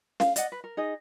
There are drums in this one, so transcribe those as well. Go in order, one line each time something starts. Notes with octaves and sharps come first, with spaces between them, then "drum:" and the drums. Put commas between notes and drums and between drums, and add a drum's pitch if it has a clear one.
F5, drum: snare
D5 D#5 F#5, drum: hi-hat
B4
A#4
D#4 G#4 D#5